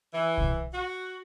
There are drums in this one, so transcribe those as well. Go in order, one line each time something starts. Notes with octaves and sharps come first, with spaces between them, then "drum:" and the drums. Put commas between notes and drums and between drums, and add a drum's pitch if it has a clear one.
E3
drum: kick
F#4